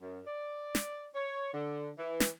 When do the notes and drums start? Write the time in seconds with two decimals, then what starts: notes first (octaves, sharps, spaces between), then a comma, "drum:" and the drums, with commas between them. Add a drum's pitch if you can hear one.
0.01 F#2
0.26 D5
0.75 drum: snare
1.15 C#5
1.53 D3
1.97 E3
2.20 drum: snare